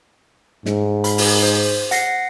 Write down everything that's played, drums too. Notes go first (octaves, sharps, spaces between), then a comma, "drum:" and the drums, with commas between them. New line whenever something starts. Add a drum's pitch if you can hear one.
G#2, drum: snare
B5, drum: hi-hat
drum: open hi-hat
C5
F#5 A#6 C7, drum: hi-hat